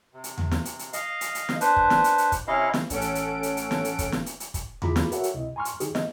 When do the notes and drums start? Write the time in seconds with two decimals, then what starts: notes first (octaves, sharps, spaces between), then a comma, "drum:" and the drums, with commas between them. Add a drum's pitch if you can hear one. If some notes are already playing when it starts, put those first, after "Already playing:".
0.13 C3
0.24 drum: hi-hat
0.38 drum: tom E2
0.51 drum: snare
0.65 drum: hi-hat
0.79 drum: hi-hat
0.93 D#5 F5, drum: hi-hat
1.21 drum: hi-hat
1.35 drum: hi-hat
1.49 drum: snare
1.61 D4 B4 C5, drum: hi-hat
1.76 drum: kick
1.90 drum: snare
2.04 drum: hi-hat
2.18 drum: hi-hat
2.32 drum: kick, hi-hat
2.47 C3 C#4 E4 D#5 F5
2.74 drum: snare
2.90 A1 C#4 A4 F#5 D7, drum: hi-hat
3.01 drum: hi-hat
3.15 drum: hi-hat
3.43 drum: hi-hat
3.57 drum: hi-hat
3.71 drum: snare
3.85 drum: hi-hat
3.99 drum: kick, hi-hat
4.12 drum: snare
4.26 drum: hi-hat
4.40 drum: hi-hat
4.54 drum: kick, hi-hat
4.82 E4 F4 G#4 A#5 B5 D6, drum: tom E2
4.96 drum: snare
5.12 F#4 A4 A#4 C#5 E5 F#5, drum: hi-hat
5.23 drum: hi-hat
5.34 C#2 C3 E4 D#5
5.56 G#5 A#5 C6 C#6 F6
5.65 drum: hi-hat
5.80 D#3 D#4 G4 G#4, drum: hi-hat
5.95 D#5, drum: snare